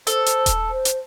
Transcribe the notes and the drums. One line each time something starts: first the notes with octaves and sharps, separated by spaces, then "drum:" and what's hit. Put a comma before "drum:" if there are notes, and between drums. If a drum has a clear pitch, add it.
A4 C5, drum: hi-hat
drum: hi-hat
drum: kick D#1, hi-hat
C5
drum: hi-hat